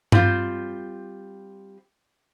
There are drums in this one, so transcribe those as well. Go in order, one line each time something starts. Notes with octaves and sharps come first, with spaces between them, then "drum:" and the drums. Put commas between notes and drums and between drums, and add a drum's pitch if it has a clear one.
G3 C4 F4, drum: tom G2